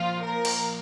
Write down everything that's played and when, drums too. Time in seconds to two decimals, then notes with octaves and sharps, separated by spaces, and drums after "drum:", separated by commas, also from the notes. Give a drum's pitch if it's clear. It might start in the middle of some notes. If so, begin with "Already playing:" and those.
Already playing: A#2 F3 F4
0.23 A#4
0.45 drum: cymbal